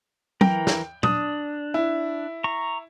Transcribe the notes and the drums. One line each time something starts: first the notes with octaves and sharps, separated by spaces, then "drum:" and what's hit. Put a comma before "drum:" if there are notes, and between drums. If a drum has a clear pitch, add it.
E3 A#4 G5, drum: tom
drum: snare
D4 D#6, drum: tom
E4
A#5 C#6